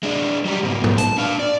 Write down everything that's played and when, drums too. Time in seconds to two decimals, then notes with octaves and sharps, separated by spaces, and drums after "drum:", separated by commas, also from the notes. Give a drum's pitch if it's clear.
0.03 G#3 D4
0.45 F#3 G3
0.63 G#2 B2
0.84 drum: tom G#2
0.98 A5, drum: hi-hat
1.18 D4 F5
1.39 D5